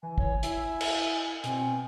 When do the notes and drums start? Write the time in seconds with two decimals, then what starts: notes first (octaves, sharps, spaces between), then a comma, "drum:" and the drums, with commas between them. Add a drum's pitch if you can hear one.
0.03 E3 G#5
0.18 C#5, drum: kick
0.43 E4 E5, drum: hi-hat
0.81 drum: cymbal
1.44 B2 C4 G#5, drum: hi-hat